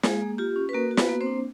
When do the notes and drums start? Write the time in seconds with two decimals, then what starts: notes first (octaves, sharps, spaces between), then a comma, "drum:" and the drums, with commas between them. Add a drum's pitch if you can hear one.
0.03 G#3 A#3 G#4, drum: snare
0.22 A#3
0.38 F4 G4
0.56 C#4
0.69 B4
0.73 A#3 F#4 A#4
0.91 F#4
0.97 B3 B4, drum: snare
1.09 A#3
1.21 C4 C5
1.26 D4